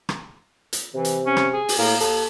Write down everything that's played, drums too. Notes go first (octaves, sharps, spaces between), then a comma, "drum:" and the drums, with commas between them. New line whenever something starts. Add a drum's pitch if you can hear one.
drum: rim click
drum: hi-hat
C3 E3
drum: hi-hat
C#4
drum: rim click
G#4
drum: open hi-hat
A2 A#3
D#2 A4, drum: hi-hat